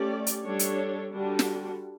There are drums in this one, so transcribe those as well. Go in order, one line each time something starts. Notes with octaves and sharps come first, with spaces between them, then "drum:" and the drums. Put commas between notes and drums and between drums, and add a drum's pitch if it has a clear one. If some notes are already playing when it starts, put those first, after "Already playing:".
Already playing: A3 C#4 G4 D5
drum: hi-hat
G3 D4 A4 C#5
drum: hi-hat
D3 G3 D4 F#4
drum: snare